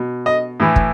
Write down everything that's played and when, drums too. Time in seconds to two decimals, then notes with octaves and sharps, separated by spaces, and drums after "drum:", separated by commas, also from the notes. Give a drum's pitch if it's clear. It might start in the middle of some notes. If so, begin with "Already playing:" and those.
Already playing: B2
0.26 D#5
0.60 A2 E3
0.76 drum: kick